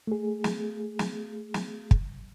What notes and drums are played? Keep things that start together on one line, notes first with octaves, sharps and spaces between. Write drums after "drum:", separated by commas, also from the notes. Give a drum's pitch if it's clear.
A3 G#4
drum: snare
drum: snare
drum: snare
drum: kick